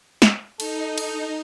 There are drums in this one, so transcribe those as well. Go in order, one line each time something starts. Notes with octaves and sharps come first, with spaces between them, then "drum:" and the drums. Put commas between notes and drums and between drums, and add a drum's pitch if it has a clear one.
drum: snare
D#4 A4, drum: cymbal
drum: cymbal